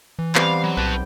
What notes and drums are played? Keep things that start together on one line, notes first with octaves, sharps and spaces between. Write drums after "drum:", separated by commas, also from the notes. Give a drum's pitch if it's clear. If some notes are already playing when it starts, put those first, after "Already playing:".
E3
G3 B3 C4 F5, drum: clap
F#3
B1 B4 G5 A5